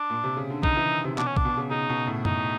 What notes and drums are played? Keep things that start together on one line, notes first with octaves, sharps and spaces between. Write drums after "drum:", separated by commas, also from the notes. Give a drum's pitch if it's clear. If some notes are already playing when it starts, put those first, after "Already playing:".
Already playing: D4
A#2
C3
C#3
D3
D#3 D#4, drum: kick A#1
E3
C3
B2 D4, drum: clap
C#4
D4, drum: kick A#1
B2
C#3
C#3 D#4
B2
A2
D#4, drum: tom F#2